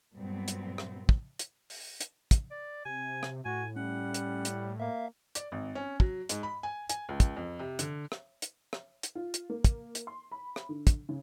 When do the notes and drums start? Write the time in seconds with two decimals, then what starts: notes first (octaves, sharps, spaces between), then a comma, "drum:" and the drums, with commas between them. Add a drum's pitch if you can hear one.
0.16 G2 A#2 F#3 B3 C4
0.48 drum: hi-hat
0.78 drum: rim click
1.09 drum: kick
1.39 drum: hi-hat
1.70 drum: open hi-hat
2.01 drum: hi-hat
2.31 drum: kick, hi-hat
2.51 D5
2.85 C3 G#5
3.23 drum: rim click
3.45 A2 F#4 G#5
3.76 G3 C#4 F#5
4.14 drum: hi-hat
4.45 drum: hi-hat
4.80 A#3 E5 F5
5.35 D5, drum: hi-hat
5.52 G#1
5.75 C#4
6.00 F#3, drum: kick
6.29 G#2, drum: hi-hat
6.43 B5
6.63 G#5
6.89 G#5, drum: hi-hat
7.09 C#2
7.20 drum: kick, hi-hat
7.37 F2
7.59 C3
7.79 D3, drum: hi-hat
8.12 drum: rim click
8.42 drum: hi-hat
8.73 drum: rim click
9.03 drum: hi-hat
9.15 F4
9.34 drum: hi-hat
9.50 A#3
9.64 drum: kick, hi-hat
9.95 drum: hi-hat
10.07 C6
10.31 B5
10.56 drum: rim click
10.69 D3
10.87 drum: kick, hi-hat
11.09 C#3